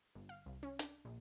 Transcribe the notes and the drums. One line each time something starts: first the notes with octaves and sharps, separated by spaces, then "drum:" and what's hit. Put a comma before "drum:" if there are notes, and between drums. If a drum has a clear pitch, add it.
G1
F5
C2
C#4
D4, drum: hi-hat
A#1